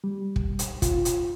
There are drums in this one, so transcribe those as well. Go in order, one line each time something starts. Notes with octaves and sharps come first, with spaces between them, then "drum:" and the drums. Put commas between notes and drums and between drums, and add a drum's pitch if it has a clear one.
G3
drum: kick
drum: hi-hat
F4, drum: kick, hi-hat
drum: hi-hat